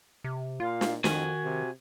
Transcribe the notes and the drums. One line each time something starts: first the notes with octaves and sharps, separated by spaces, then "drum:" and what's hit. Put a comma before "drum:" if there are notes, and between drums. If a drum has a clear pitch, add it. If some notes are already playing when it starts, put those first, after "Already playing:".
C3
A#2 F4 F5
drum: snare
F2 D#3 F#4 G#5 G#6, drum: snare
C3